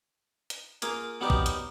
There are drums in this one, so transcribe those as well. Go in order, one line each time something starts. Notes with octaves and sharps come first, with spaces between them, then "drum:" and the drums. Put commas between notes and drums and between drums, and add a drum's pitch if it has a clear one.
drum: hi-hat
A#3 F4 G#4 A#4, drum: hi-hat
F#3 B3 D#4 G4 A#4 D5
drum: kick
drum: hi-hat